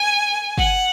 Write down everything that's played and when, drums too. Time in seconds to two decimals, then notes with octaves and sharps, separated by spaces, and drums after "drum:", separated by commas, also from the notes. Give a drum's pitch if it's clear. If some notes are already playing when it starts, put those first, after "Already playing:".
Already playing: G#5
0.58 F#5, drum: kick